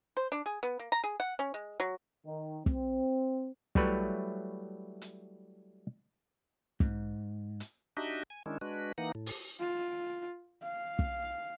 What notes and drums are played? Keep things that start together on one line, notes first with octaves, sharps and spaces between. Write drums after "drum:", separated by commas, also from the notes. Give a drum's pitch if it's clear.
C5
D4
G#4
B3
A#3
A#5
G#4
F#5
C#4
G#3
F#3
D#3
C4, drum: kick
F#3 G3 A3 E4 B4 C#5, drum: kick
drum: hi-hat
G#2, drum: kick
drum: hi-hat
D4 D#4 F#4 G4 D#5 E5
G#5
D#3 G#3 C#4 D4 E4
G#3 D4 F#4 B4
E3 A#3 D#4 F#5
A2
drum: open hi-hat
F4
F5
drum: kick